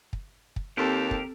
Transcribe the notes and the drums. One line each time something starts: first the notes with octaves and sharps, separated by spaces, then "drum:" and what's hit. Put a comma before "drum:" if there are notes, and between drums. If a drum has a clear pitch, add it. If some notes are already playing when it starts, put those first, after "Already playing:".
drum: kick
drum: kick
D#2 C4 G4 A4 A#4 C5
drum: kick